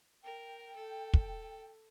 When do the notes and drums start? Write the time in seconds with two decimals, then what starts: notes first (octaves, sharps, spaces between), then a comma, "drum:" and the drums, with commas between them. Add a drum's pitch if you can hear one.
0.24 A#4 G5
0.75 A4
1.14 drum: kick